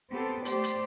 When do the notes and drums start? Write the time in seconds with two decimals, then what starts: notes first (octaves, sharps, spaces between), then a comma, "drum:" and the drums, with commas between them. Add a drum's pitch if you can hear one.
0.11 B3 C4 G4 A4
0.45 A3 G4 C5 D5, drum: hi-hat
0.64 drum: hi-hat